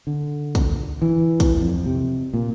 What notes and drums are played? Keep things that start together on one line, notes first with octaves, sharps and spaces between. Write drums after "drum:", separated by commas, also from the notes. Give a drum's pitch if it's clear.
D3
drum: kick, hi-hat
E3
drum: kick, hi-hat
F2
C3
A#2